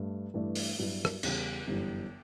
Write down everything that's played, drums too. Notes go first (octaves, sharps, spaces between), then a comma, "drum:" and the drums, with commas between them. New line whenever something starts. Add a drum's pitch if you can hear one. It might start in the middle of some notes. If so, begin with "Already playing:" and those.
Already playing: G2 A3
G2 E3 A3 D4
drum: open hi-hat
G2 F#3 B3 E4
drum: rim click
E2 C#3 G3 C#4, drum: cymbal
G1 F#2 E3 G3